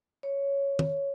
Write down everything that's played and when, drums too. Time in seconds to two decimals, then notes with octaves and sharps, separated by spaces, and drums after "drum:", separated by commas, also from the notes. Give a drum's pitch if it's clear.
0.23 C#5
0.79 drum: tom